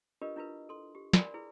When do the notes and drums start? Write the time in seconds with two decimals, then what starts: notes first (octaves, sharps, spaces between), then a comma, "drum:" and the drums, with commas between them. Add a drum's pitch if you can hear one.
0.22 D4 F4 G4 A#4 B4 D#5
0.36 D4 E4 F4 A#4 B4
0.69 A4 C6
0.95 G4
1.13 A#4 B4 D5 G#5 B5 C6, drum: snare
1.34 E4 G#4 B4